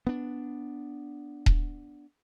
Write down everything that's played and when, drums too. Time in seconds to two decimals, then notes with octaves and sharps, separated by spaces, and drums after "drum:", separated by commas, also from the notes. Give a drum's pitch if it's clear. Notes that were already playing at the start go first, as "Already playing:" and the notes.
0.07 B3 D4
1.46 drum: kick D#1